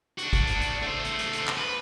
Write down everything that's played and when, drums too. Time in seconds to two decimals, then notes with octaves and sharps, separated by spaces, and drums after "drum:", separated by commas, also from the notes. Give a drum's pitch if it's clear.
0.18 D4 F#4, drum: hi-hat
0.33 drum: kick, hi-hat
0.47 drum: hi-hat
0.61 drum: hi-hat
0.83 A3 C5
1.04 drum: hi-hat
1.19 drum: hi-hat
1.33 drum: hi-hat
1.47 drum: clap
1.58 B4